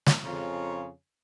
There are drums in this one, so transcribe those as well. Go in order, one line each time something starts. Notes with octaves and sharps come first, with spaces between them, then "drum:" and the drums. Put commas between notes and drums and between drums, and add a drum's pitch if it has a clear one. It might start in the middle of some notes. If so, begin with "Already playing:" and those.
drum: snare
F2 C#3 F4 C#5 A#5